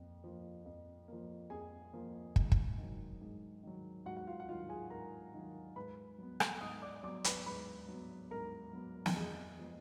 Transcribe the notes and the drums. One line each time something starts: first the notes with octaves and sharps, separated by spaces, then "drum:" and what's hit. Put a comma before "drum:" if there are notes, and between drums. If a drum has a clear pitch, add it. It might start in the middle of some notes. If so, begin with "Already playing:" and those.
Already playing: F2 F3 A#3
F3 A#3
F2
F3 A#3
F2 G#4 G#5
F3 A#3
G#2, drum: kick
drum: kick
D#3 F#3
G#2
D#3 F#3
G#2 F#4 F#5
F#5
F4 F5
F#5
D#3 F#3 F4 F5
G#4 G#5
G#2 A#4 A#5
D#3 F#3
G#2 B4 B5
F#3 B3
drum: rim click
G#2 D#5 D#6
D5 D6
F#3 B3 D5 D6
B4 B5, drum: hi-hat
G#2 B4 B5
F#3 B3
G#2 A#4 A#5
F#3 B3
drum: snare
F2 G#4 G#5
F3 G#3 B3